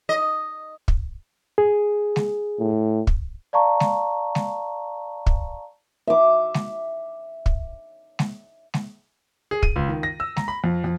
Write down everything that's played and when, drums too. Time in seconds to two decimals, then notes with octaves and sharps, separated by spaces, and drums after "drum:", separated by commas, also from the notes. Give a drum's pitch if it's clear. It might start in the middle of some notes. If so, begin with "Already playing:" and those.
0.09 D#5
0.88 drum: kick
1.58 G#4
2.16 drum: snare G#3
2.59 A2
3.07 drum: kick
3.53 D5 F5 A5 A#5 C#6
3.80 drum: snare G#3
4.35 drum: snare G#3
5.26 drum: kick
6.07 E5 D6
6.54 drum: snare G#3
7.46 drum: kick
8.19 drum: snare G#3
8.74 drum: snare G#3
9.51 G#4
9.63 D#7, drum: kick
9.76 C#2
9.88 D#3
10.03 A#6
10.20 E6
10.37 A#5, drum: snare G#3
10.48 B5
10.64 F2
10.84 F2